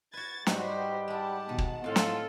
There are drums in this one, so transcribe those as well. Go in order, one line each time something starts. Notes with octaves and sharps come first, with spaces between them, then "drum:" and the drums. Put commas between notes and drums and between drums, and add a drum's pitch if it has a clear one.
F#4 B4 G#6 A6
G#2 G3 D#4 F#4 G4 B4 C5, drum: snare
G#3 E4 F#5 A5
B2 D#3
drum: kick
F2 A2 C4 F4 A4 F5
drum: snare